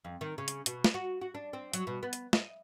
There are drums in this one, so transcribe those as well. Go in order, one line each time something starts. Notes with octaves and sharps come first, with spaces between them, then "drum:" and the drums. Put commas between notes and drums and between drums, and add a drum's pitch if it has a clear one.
F2
D#3
C#3
drum: hi-hat
B2, drum: hi-hat
drum: snare
F#4
F#4
D4
C4
F#3, drum: hi-hat
B2
B3
drum: hi-hat
D#5, drum: snare